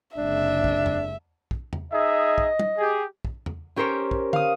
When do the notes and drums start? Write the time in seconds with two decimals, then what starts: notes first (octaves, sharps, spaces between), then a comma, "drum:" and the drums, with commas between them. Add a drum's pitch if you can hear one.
0.16 F#1 C3 G#3 D4 E5
0.64 drum: kick
0.86 drum: tom E2
1.51 drum: kick
1.73 drum: tom E2
1.92 D#4 G#4 D#5 E5
2.38 drum: kick
2.59 drum: tom G3
2.78 G4 G#4
3.25 drum: kick
3.46 drum: tom E2
3.76 C#4 G4 A#4 C5 C#5
4.11 drum: kick
4.33 F5 D#6, drum: tom